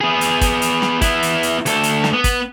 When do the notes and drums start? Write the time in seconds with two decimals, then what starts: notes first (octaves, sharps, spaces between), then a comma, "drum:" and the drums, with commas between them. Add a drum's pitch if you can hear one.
0.01 B3 G#4
0.21 drum: hi-hat
0.41 drum: kick, hi-hat
0.62 drum: hi-hat
0.82 drum: snare
1.01 B3 E4, drum: kick, hi-hat
1.23 drum: hi-hat
1.43 drum: hi-hat
1.66 D2 A4, drum: hi-hat
1.83 drum: hi-hat
2.04 drum: snare
2.14 B3
2.24 drum: kick, hi-hat